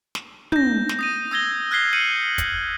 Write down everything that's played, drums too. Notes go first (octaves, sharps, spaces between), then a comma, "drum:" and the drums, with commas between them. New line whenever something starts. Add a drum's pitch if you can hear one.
drum: snare
G6 A#6, drum: tom
drum: snare
D#6 A#6 D#7
D#6 E6 G#6 A#6 G7
F6 F#6 G#6 B6 C7 G7
G6 C7 C#7 D#7 F#7
drum: kick, hi-hat